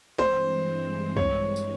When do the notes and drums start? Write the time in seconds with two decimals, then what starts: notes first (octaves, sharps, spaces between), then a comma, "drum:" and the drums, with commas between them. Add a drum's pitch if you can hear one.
0.18 G2 E3 G#3 C4 C5, drum: snare
1.17 C#5, drum: tom
1.56 drum: tambourine